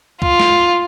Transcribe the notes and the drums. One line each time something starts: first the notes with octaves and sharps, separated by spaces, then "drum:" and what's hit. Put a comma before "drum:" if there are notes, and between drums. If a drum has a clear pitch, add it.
F4, drum: kick
drum: snare